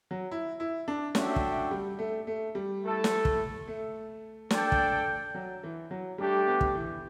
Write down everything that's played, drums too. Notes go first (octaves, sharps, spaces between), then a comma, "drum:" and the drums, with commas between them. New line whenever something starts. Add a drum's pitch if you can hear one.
F#3
E4
E4
D4
C#4 D4 F#4 A4 E5 G5, drum: snare
drum: kick
G3
A3
A3
G3
A3 E4 A4
drum: snare
drum: kick
A3
D4 A4 D5 G5, drum: snare
drum: kick
F#3
E3
F#3
G3 A3 D4 G4
B3
drum: kick
E3